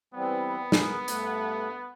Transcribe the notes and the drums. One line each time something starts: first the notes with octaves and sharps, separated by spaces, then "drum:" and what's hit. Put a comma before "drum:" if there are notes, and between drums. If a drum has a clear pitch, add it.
E3 G3 B3 C4
G#4 A#4, drum: snare
G2 A3, drum: hi-hat